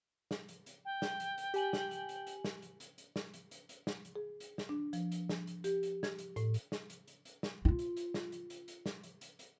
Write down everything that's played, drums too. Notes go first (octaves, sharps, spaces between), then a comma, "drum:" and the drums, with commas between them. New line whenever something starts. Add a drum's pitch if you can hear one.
drum: snare
drum: hi-hat
drum: hi-hat
G5
drum: snare
drum: hi-hat
drum: hi-hat
G4 G#5 F#7, drum: hi-hat
drum: snare
drum: hi-hat
drum: hi-hat
drum: hi-hat
drum: snare
drum: hi-hat
drum: hi-hat
drum: hi-hat
drum: snare
drum: hi-hat
drum: hi-hat
drum: hi-hat
drum: snare
drum: hi-hat
G#4
drum: hi-hat
drum: snare
D4
F3, drum: hi-hat
drum: hi-hat
drum: snare
drum: hi-hat
G4, drum: hi-hat
drum: hi-hat
G#6, drum: snare
drum: hi-hat
A2, drum: hi-hat
drum: hi-hat
drum: snare
drum: hi-hat
drum: hi-hat
drum: hi-hat
drum: snare
D#4 F4
drum: hi-hat
drum: hi-hat
drum: snare
drum: hi-hat
drum: hi-hat
drum: hi-hat
drum: snare
drum: hi-hat
drum: hi-hat
drum: hi-hat